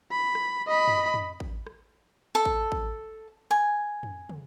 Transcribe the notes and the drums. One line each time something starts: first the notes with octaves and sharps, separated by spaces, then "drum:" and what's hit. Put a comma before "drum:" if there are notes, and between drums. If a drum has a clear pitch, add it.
B5
drum: rim click
D#5 B5
drum: tom
drum: tom
drum: kick
drum: rim click
A4
drum: kick
drum: kick
G#5, drum: rim click
drum: tom
drum: tom